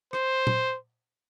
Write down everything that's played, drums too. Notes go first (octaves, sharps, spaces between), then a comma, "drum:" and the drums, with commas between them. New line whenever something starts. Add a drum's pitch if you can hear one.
C5, drum: rim click
drum: tom A#2